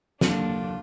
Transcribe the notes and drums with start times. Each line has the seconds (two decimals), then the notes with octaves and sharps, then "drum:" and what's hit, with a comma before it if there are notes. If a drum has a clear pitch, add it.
0.21 F#1 D#2 F#3 D4 F4 A4, drum: snare